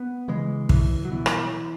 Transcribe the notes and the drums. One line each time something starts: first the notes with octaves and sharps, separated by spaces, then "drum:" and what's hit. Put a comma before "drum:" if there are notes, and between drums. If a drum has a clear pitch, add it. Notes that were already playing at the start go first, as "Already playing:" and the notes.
Already playing: B3
C#3 E3 G#3
C#2 E3, drum: kick
F#3
B2 E3
drum: rim click